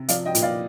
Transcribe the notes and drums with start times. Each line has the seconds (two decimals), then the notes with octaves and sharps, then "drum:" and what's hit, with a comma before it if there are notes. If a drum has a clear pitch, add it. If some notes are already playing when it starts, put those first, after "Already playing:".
Already playing: C3
0.08 F3 D5 F5, drum: hi-hat
0.25 D#5 G5
0.35 A#2, drum: hi-hat
0.42 D5 F5